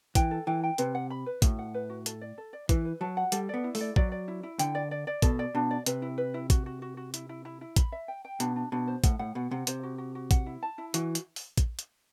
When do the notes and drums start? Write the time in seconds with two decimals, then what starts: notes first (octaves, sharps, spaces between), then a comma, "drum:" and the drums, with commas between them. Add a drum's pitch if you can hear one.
0.15 E3 G5, drum: kick A#1, hi-hat
0.31 A4
0.47 E3 G5
0.63 G5
0.78 C3 B4, drum: hi-hat
0.95 F#5
1.10 B5
1.26 B4
1.42 A2 F#4, drum: kick A#1, hi-hat
1.59 F#5
1.74 B4
1.90 F#4
2.06 A4, drum: hi-hat
2.21 D5
2.38 A4
2.53 D5
2.69 E3 B4, drum: kick A#1, hi-hat
2.85 B4
3.01 F#3 A5
3.17 F#5
3.32 G3 A4, drum: hi-hat
3.49 B3 D5
3.64 E4
3.75 A3, drum: open hi-hat
3.81 D5
3.96 F#3 D5, drum: kick A#1
4.12 D5
4.28 E4
4.43 E4
4.59 D3 G5, drum: hi-hat
4.75 D5
4.91 D5
5.07 D5
5.22 B2 A4, drum: kick A#1, hi-hat
5.39 D5
5.55 B2 D4
5.71 D5
5.86 C3 B4, drum: hi-hat
6.02 E4
6.18 B4
6.34 E4
6.50 F#4, drum: kick A#1, hi-hat
6.66 F#4
6.82 F#4
6.97 F#4
7.14 E4, drum: hi-hat
7.29 E4
7.45 E4
7.61 E4
7.76 B5, drum: kick A#1, hi-hat
7.92 E5
8.08 G5
8.25 G5
8.40 B2 D4, drum: hi-hat
8.56 D4
8.72 B2 D4
8.88 C5
9.04 A2 F#5, drum: kick A#1, hi-hat
9.19 A2 F#5
9.35 B2 F#5
9.51 C3 F#5
9.67 C3 C5, drum: hi-hat
9.83 F#4
9.98 F#4
10.15 F#4
10.31 F#5, drum: kick A#1, hi-hat
10.46 E4
10.63 A5
10.78 E4
10.94 E3 F#4, drum: hi-hat
11.15 drum: hi-hat
11.36 drum: open hi-hat
11.58 drum: kick A#1, hi-hat
11.79 drum: hi-hat